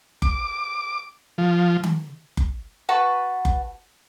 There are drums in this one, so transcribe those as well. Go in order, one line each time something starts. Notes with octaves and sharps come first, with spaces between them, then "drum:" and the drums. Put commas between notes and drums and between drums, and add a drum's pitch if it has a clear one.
D6, drum: kick F#1
F3
drum: tom D#3
drum: kick F#1
F#4 B4 A5 C#6
drum: kick F#1